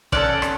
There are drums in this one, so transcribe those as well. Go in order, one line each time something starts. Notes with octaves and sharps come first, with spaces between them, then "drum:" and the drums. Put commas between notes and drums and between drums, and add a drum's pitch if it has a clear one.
C#4 F4 A4 D5 F#5, drum: kick
drum: rim click